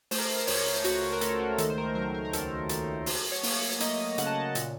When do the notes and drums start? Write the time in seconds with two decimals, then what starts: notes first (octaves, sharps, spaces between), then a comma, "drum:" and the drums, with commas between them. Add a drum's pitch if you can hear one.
0.11 A3 C5, drum: open hi-hat
0.18 A#4
0.25 C5
0.47 C#2 C#5, drum: open hi-hat
0.85 C#2 F#4, drum: hi-hat
1.03 F#4
1.13 A#4
1.21 A3 A4, drum: hi-hat
1.40 F#4
1.58 D#3 A4, drum: hi-hat
1.70 C5
1.78 A#4
1.95 F#3 A#4
2.14 A#4
2.25 A#4
2.33 D#2 A4, drum: hi-hat
2.69 A3 A4, drum: hi-hat
3.06 F#3 C5, drum: open hi-hat
3.32 C#5
3.43 A#3, drum: open hi-hat
3.56 C#5
3.80 A#3 D#5, drum: hi-hat
4.18 C#3 F#5, drum: hi-hat
4.27 A5
4.35 F#5
4.55 A#2, drum: hi-hat